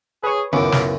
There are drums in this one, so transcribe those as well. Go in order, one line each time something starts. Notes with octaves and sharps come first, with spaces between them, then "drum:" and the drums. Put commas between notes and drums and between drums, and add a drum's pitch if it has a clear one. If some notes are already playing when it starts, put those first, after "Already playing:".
G#4 B4 C#5
C#2 F#2 D#3 B3 C#4 E4 D6
drum: snare